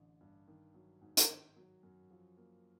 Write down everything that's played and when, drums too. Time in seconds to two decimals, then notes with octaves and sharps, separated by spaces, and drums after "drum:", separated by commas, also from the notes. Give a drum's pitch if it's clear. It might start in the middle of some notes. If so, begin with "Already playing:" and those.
Already playing: A1 D3
0.21 G2
0.48 D#3
0.74 F#3
1.01 G#2
1.17 drum: hi-hat
1.29 D#3
1.56 F#3
1.83 F#2
2.11 F3
2.37 A#3